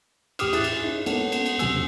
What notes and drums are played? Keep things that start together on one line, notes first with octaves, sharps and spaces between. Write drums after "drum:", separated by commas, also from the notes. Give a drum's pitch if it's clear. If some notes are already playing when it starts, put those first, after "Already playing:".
E2 A2 G4 D6 D#6 F6, drum: cymbal
E4 G#4 F#6 A6, drum: cymbal
drum: cymbal
C#4 D#4 E4
G#3 A#3 B3 C#4 A4 F#5, drum: cymbal
drum: cymbal
drum: cymbal
E2 C3 F#3 G#5 E6, drum: cymbal